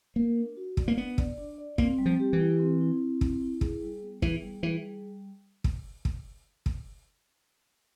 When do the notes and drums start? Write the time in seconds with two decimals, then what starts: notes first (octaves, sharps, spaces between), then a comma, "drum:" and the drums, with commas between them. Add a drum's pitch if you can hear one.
0.16 A#3 A#4
0.36 D4
0.57 F#4
0.77 D5, drum: kick
0.88 A#3
0.97 B3 D4
1.18 D5, drum: kick
1.38 D4
1.58 D5
1.78 A#3 C4, drum: kick
1.98 G3
2.06 F3
2.19 G4
2.33 E3
2.39 E4
2.59 C4
2.81 E4
3.00 C4
3.21 E4, drum: kick
3.42 E4
3.61 G#4, drum: kick
3.82 G3
4.02 B3
4.22 E3 G#4, drum: kick
4.43 G3
4.62 E3 G#4
4.83 G3
5.64 drum: kick
6.05 drum: kick
6.66 drum: kick